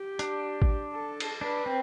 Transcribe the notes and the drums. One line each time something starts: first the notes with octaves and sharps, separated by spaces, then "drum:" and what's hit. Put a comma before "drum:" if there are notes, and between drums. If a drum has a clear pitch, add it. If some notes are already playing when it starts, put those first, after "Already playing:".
Already playing: G4
D4, drum: hi-hat
drum: kick G#1
A4
drum: cymbal
D4 B4
C4